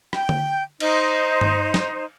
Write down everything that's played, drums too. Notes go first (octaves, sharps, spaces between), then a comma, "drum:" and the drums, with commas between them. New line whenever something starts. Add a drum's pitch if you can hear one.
G5, drum: rim click
drum: tom D3
D#4 C5, drum: cymbal
drum: tom G2
drum: snare